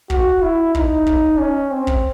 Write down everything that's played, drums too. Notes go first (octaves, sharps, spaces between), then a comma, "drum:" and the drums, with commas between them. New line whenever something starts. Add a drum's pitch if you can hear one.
F#4, drum: kick
E4
D#4, drum: kick
drum: kick
C#4
C4
drum: kick